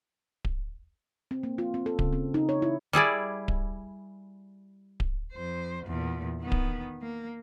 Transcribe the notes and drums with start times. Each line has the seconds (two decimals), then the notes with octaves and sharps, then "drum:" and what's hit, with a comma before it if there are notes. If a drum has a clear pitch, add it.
0.45 drum: kick D1
1.31 C4
1.43 A#3
1.58 F4
1.74 C4
1.86 A4
1.99 C#3, drum: kick D1
2.13 C4
2.34 D#4
2.49 C#5
2.62 E4
2.93 G3 E4 G#4 D5
3.48 drum: kick D1
5.00 drum: kick D1
5.33 F2 C5
5.86 E2 A#2
6.41 D#3 B3
6.52 drum: kick D1
7.02 A#3